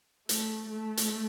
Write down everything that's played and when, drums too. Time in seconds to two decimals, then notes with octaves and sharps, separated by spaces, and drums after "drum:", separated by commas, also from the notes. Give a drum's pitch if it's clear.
0.29 A3, drum: hi-hat
0.71 A3
0.97 drum: hi-hat